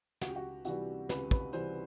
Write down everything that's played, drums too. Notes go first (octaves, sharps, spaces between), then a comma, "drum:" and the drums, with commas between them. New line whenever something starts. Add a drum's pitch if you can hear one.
C#2 F#4, drum: snare
G4
F#4
C3 E3 G3 F#4, drum: hi-hat
C#2 B4, drum: snare
B4, drum: kick
C3 E3 G3 C5, drum: hi-hat